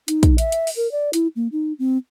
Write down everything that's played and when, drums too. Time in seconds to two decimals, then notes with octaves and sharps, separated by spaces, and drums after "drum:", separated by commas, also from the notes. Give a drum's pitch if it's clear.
0.08 D#4, drum: hi-hat
0.23 drum: kick, hi-hat
0.38 E5, drum: hi-hat
0.52 drum: hi-hat
0.67 drum: open hi-hat
0.76 A#4
0.92 D5
1.13 E4, drum: hi-hat
1.36 A#3
1.52 D#4
1.79 C4